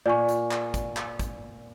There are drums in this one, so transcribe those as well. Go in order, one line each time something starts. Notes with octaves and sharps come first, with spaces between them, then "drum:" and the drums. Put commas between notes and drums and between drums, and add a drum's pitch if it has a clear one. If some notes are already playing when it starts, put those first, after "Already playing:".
A#2 D5 G#5 C#6
drum: hi-hat
drum: clap
drum: kick, hi-hat
drum: clap
drum: kick, hi-hat